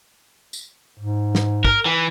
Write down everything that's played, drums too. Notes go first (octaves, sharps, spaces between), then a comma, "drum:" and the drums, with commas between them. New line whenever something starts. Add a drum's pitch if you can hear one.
drum: tambourine
G#2
drum: snare
A#4, drum: kick
E3